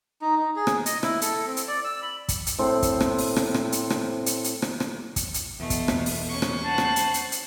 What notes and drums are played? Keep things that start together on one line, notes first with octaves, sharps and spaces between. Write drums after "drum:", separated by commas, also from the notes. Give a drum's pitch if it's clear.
D#4
D#4
G#4
drum: rim click
D#5, drum: hi-hat
E4, drum: rim click
A4, drum: hi-hat
C4
drum: hi-hat
D5
E6
B5
drum: kick, hi-hat
drum: hi-hat
A2 C4
drum: kick, hi-hat
drum: rim click
drum: open hi-hat
drum: rim click
drum: rim click
drum: hi-hat
drum: rim click
drum: hi-hat
drum: hi-hat
drum: rim click
drum: rim click
drum: kick, hi-hat
drum: hi-hat
E2 B2 A3
drum: kick, hi-hat
drum: rim click
drum: open hi-hat
C#4 C#6
drum: rim click
C5 F#5 A5 F#6
drum: rim click
drum: hi-hat
drum: hi-hat
drum: hi-hat